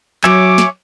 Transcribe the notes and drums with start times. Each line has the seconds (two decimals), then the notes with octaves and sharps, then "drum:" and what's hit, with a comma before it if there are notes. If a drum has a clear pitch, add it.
0.24 F#3 C#5 E5 G#5 D6, drum: clap
0.58 drum: snare